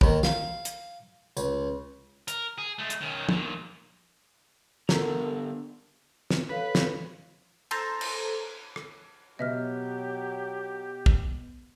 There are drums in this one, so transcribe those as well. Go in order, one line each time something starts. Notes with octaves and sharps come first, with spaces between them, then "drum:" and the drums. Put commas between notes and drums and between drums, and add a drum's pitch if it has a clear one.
D#2 D#3, drum: kick
F5, drum: snare
drum: hi-hat
C#2, drum: tambourine
A#4, drum: hi-hat
G#4
G#3 A3
drum: hi-hat
D#3 C#4
A#2 D#3, drum: tom
D3 B3 A4 A#4 A#5, drum: snare
drum: snare
A4 B4 C#5 F5
drum: snare
A4 C5 A5 A#5, drum: cymbal
drum: cymbal
drum: rim click
B2 F#3 B3 G4 D#5 E5 F6
drum: kick